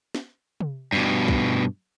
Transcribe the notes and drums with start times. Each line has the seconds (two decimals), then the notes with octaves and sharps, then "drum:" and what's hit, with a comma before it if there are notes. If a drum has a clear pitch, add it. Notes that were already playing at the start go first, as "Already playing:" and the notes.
0.15 drum: snare
0.60 drum: tom C3
0.92 G2 B2
1.28 drum: kick